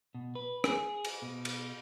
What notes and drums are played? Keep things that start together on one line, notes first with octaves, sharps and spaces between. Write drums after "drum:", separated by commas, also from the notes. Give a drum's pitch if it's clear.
B2
B4
G#4, drum: rim click
drum: cymbal
B2
drum: cymbal